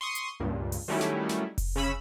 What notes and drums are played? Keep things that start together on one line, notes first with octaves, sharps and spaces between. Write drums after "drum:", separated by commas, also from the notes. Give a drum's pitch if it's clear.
C6 C#6 D#6
drum: hi-hat
C#2 G2 A#2
drum: open hi-hat
D#3 F#3 G3 A3 C#4 E4
drum: snare
drum: snare
drum: kick F1, open hi-hat
C#3 C#4 B5 E6